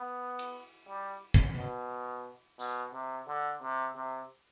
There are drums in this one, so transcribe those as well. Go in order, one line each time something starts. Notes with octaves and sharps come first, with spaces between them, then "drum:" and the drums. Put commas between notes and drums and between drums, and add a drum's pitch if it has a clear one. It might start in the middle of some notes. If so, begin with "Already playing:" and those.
Already playing: B3
drum: cymbal
G3
drum: kick
B2
B2, drum: tambourine
C3
D3
C3
C3